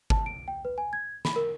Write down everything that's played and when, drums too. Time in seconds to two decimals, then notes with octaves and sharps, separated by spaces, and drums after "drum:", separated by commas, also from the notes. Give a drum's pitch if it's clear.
0.10 A5, drum: kick
0.26 D7
0.48 G5
0.65 B4
0.78 G#5
0.93 G#6
1.25 B5, drum: snare
1.36 A#4